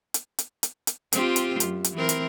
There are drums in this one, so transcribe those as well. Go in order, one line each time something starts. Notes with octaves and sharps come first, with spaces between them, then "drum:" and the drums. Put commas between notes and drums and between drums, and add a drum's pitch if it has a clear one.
drum: hi-hat
drum: hi-hat
drum: hi-hat
drum: hi-hat
C4 F4 G4, drum: hi-hat
drum: hi-hat
F#2, drum: hi-hat
drum: hi-hat
E3 C4 A#4
drum: hi-hat